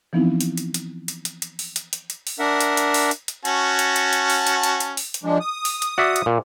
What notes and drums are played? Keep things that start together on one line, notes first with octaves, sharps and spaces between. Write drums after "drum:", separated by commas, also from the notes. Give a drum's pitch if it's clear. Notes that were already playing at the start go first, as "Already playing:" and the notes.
E3 F3 B3 C4 D#4 E4
drum: hi-hat
drum: hi-hat
drum: hi-hat
drum: hi-hat
drum: hi-hat
drum: hi-hat
drum: open hi-hat
drum: hi-hat
drum: hi-hat
drum: hi-hat
drum: open hi-hat
D4 A#4 E5 F#5
drum: hi-hat
drum: hi-hat
drum: open hi-hat
drum: hi-hat
drum: hi-hat
C#4 F#4 A5, drum: hi-hat
drum: hi-hat
drum: hi-hat
drum: hi-hat
drum: open hi-hat
drum: hi-hat
drum: hi-hat
drum: hi-hat
drum: open hi-hat
drum: hi-hat
F3 G#3 D4
D#6
drum: open hi-hat
drum: hi-hat
F#4 D5 E5
drum: hi-hat
A#2